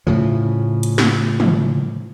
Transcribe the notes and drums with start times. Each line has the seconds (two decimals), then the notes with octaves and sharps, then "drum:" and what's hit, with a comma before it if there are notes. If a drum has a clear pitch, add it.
0.07 A2 C#3 F3
0.83 drum: hi-hat
0.98 drum: snare
1.40 drum: tom